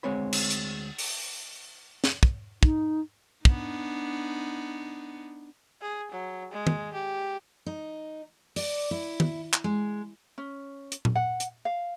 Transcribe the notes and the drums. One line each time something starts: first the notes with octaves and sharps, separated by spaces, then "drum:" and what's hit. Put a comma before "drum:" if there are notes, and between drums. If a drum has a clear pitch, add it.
D2 G#3 C4 C#5 B5
drum: cymbal
drum: hi-hat
drum: open hi-hat
drum: snare
drum: kick
D#4, drum: kick
B3 D4 D#4, drum: kick
G#4
F#3
G#3
drum: tom
G4
D#4
D5, drum: open hi-hat
E4
drum: tom
drum: clap
G#3
C#4
drum: hi-hat
drum: tom A#2
F#5
drum: hi-hat
F5